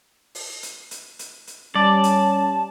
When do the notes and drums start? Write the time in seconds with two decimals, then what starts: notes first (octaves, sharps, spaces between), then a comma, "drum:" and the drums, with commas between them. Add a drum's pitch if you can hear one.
0.35 drum: open hi-hat
0.63 drum: hi-hat
0.91 drum: hi-hat
1.19 drum: hi-hat
1.47 drum: hi-hat
1.75 G3 C#4 D5 A5
2.04 drum: hi-hat